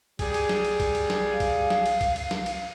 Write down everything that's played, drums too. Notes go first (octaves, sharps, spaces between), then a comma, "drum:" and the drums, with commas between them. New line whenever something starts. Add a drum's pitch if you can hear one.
G3 G#4, drum: kick B1, cymbal
drum: cymbal
drum: snare
drum: cymbal
drum: kick B1, cymbal
drum: cymbal
drum: snare
F5
drum: kick B1, cymbal
drum: snare
drum: cymbal
drum: kick B1, cymbal
drum: cymbal
drum: snare
drum: cymbal